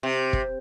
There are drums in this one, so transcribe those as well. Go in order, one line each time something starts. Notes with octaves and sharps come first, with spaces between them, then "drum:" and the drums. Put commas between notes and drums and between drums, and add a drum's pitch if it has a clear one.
C3
drum: kick